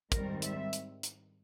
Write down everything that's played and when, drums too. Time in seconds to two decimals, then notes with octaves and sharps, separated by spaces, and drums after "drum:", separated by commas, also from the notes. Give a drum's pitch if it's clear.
0.12 G#2 D#3 G3 C4 A#4, drum: kick, hi-hat
0.42 E5, drum: hi-hat
0.73 drum: hi-hat
1.03 drum: hi-hat